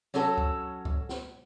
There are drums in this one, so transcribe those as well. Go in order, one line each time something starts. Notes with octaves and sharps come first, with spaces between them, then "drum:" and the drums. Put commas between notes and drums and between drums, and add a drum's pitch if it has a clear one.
F#3 C#4 F#4 A4, drum: snare
drum: kick C#2
drum: kick C#2
drum: snare